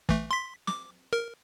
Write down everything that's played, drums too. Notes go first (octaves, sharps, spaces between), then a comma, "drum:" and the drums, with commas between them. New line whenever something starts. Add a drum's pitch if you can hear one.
E3 A3, drum: kick
C6 B6
D6, drum: snare
A#4